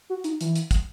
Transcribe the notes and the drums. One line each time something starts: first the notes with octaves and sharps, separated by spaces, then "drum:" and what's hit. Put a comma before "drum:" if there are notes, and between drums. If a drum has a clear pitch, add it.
F#4
D#4, drum: hi-hat
E3, drum: hi-hat
drum: hi-hat
drum: kick, hi-hat